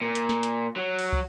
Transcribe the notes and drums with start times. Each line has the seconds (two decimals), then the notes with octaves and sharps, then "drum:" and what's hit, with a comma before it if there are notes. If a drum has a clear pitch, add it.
0.01 A#2
0.15 drum: hi-hat
0.29 drum: snare
0.43 drum: hi-hat
0.76 F#3
0.99 drum: open hi-hat
1.12 drum: kick